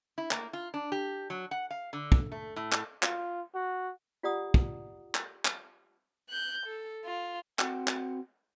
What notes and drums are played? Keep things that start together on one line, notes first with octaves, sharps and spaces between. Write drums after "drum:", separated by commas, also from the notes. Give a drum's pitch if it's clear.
E4
A#3, drum: clap
F4
D4
G4
F#3
F#5
F5
D3
drum: kick
A3
A2
drum: clap
F4, drum: clap
F#4
F4 G4 D5 F#5 A#5 D#6
drum: kick
drum: clap
drum: clap
F#6 G6
A4
F4
C4 F#4 F#5 G5, drum: clap
drum: clap